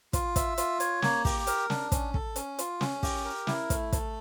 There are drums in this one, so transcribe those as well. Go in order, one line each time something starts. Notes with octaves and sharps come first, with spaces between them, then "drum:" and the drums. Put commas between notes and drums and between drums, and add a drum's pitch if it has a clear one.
F4, drum: kick, hi-hat
E5, drum: kick, hi-hat
F4, drum: hi-hat
C#5, drum: hi-hat
A#3, drum: snare
G4, drum: kick, open hi-hat
A#4, drum: hi-hat
D4, drum: snare
C#4, drum: kick, hi-hat
A4, drum: kick
C#4, drum: hi-hat
F4, drum: hi-hat
C#4, drum: snare
G4, drum: kick, open hi-hat
A#4
E4, drum: snare
A3, drum: kick, hi-hat
A4, drum: kick, hi-hat